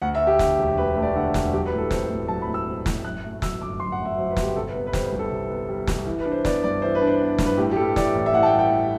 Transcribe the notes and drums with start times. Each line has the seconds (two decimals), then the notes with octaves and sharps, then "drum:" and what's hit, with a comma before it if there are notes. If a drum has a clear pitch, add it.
0.02 D2 F#5
0.15 E5
0.21 A3
0.27 G4
0.39 D3, drum: snare
0.59 E1
0.77 D2 B4
0.96 A3
1.02 D5
1.16 D3 F#5
1.34 E1, drum: snare
1.53 F#3 G4
1.66 B4
1.72 A2
1.78 A4
1.91 C4 C5, drum: snare
2.10 A2
2.28 F#3 A5
2.42 B5
2.47 A2
2.54 E6
2.67 C4
2.86 A2, drum: snare
3.05 F#2 F#6
3.24 A3
3.42 F#3 E6, drum: snare
3.61 G1 D6
3.80 F#2 C6
3.92 F#5
3.99 A3
4.05 E5
4.17 F#3 C5
4.31 B4
4.37 G1, drum: snare
4.42 G4
4.56 C3 A4
4.68 B4
4.75 B3
4.87 B4
4.93 G3 C5, drum: snare
5.06 B4
5.12 C2
5.19 A4
5.31 C3
5.50 B3
5.69 G3
5.87 C2, drum: snare
6.06 E3
6.20 B4
6.26 D4
6.32 C5
6.45 B3 D5, drum: snare
6.63 G2 D5
6.82 E3 C5
6.95 B4
7.02 D4
7.07 C5
7.21 B3
7.38 G2, drum: snare
7.45 B4
7.57 A2 G4
7.71 G4
7.76 G3 A4
7.96 E3 D5, drum: snare
8.15 A1
8.26 E5
8.33 A2 F#5
8.43 A5
8.46 G5
8.53 G3
8.59 G5
8.71 E3